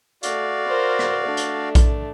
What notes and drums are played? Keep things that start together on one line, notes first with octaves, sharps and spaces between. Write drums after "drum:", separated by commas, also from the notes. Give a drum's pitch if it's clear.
A3 F#4 D5 F5, drum: hi-hat
A#4 C5
drum: rim click
A3 D4
drum: hi-hat
drum: kick A#1, hi-hat